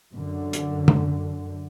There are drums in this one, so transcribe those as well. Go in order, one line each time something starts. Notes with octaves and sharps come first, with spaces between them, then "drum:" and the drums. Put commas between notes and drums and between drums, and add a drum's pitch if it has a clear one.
F#2 D3
drum: hi-hat
drum: tom C#3